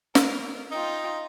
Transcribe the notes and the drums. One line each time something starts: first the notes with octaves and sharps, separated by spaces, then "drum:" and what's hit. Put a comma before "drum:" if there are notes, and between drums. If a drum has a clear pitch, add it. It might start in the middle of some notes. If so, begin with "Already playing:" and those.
A#4, drum: snare
D#4 F4 G5